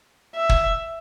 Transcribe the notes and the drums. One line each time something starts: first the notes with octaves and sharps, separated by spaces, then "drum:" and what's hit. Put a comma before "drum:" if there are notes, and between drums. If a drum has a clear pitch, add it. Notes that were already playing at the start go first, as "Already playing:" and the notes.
E5
drum: kick